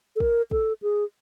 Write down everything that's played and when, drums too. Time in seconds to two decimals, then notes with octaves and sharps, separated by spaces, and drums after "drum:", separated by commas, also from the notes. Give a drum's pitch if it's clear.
0.16 A4
0.20 A#4, drum: kick
0.51 A4, drum: kick
0.82 G#4